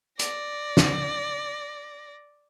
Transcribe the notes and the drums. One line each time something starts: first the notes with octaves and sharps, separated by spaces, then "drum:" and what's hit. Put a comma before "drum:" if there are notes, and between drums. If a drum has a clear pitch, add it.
D5 A#6, drum: hi-hat
drum: snare